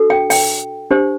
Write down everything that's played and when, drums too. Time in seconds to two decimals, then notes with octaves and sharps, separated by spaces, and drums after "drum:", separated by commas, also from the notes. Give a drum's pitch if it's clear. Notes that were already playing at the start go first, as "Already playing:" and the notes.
Already playing: D4 F#4 A4
0.10 G5
0.30 G5, drum: open hi-hat
0.91 D4 G4 C5